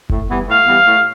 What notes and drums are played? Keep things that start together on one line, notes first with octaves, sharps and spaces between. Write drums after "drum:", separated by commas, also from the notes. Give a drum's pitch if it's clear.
A2, drum: kick F#1
E3 G3 B3
A2 F5
E3 G3 B3
A2